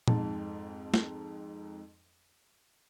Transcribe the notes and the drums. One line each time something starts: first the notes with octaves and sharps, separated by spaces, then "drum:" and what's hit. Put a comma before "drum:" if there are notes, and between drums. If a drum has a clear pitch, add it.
F2 G#2 A5, drum: tom A#2
drum: snare